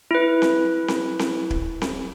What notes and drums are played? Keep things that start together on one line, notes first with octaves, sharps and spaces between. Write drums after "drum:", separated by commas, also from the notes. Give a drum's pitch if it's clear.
E4 B4
drum: snare C4
drum: snare C4
drum: snare C4
drum: kick
drum: snare C4